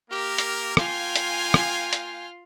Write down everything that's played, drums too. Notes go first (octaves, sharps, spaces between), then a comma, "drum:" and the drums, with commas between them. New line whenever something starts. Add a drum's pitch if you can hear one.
A#3 G4 A#4
drum: hi-hat
A#3 F4 F5 G5 G#5, drum: rim click
drum: hi-hat
drum: rim click
drum: hi-hat